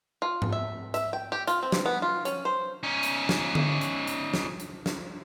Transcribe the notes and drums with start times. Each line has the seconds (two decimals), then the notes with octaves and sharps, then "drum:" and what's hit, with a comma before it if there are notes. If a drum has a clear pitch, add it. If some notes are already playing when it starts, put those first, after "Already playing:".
0.22 F4
0.42 drum: tom G#2
0.53 E5
0.94 E5, drum: hi-hat
1.13 G5
1.32 G4
1.47 F4, drum: hi-hat
1.63 C4
1.72 drum: snare
1.86 B3
2.02 F4
2.25 C#4, drum: hi-hat
2.45 C5
2.83 C#4 D#4
3.03 drum: hi-hat
3.29 drum: snare
3.55 drum: tom D3
3.81 drum: hi-hat
4.07 drum: hi-hat
4.34 drum: snare
4.60 drum: hi-hat
4.86 drum: snare